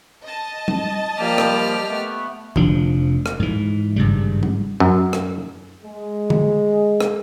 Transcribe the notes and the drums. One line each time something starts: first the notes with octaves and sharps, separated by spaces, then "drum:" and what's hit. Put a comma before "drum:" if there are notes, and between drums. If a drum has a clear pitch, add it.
D#5 A5
drum: tom G3
F3 G3 A#3 G4 F6
drum: rim click
A3 B3
F1 F3 D4, drum: tom D3
drum: rim click
G#2 E3
G#1 G2 C#3 G3
drum: tom G3
F#2
drum: rim click
G#3
drum: tom D3
drum: rim click